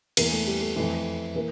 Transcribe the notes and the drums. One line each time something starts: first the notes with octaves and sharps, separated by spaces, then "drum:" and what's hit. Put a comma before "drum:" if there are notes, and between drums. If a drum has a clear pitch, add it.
E2 E3 A#3, drum: cymbal
A3
G3
A3
F2 E3 A3
E3 A#3